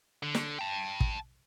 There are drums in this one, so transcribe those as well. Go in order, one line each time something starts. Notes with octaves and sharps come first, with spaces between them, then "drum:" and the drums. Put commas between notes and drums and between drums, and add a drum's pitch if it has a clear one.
D3
drum: snare
G5 A5
drum: kick